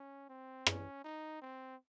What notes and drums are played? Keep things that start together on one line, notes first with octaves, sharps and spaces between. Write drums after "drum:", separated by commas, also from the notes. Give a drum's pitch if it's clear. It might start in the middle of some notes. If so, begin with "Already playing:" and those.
Already playing: C#4
C4
C#4, drum: rim click
D#4
C4